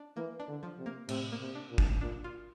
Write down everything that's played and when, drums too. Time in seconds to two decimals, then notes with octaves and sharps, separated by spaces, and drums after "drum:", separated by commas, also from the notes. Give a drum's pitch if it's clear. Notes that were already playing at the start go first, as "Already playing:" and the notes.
Already playing: D4
0.16 E3 A#3
0.40 D4
0.48 D3
0.63 F3
0.78 C3
0.86 A#3
1.09 A2 C3, drum: cymbal
1.32 A#3
1.40 C3
1.55 D4
1.70 A#2
1.78 D4, drum: kick G#1
2.01 A#2 D4
2.24 F4